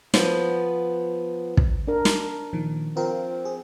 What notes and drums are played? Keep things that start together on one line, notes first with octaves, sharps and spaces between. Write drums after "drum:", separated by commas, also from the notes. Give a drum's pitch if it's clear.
F3 B3, drum: snare
drum: kick
D4 A#4
drum: snare
A#2 D#3 F3
C4 F4 A#4
G#4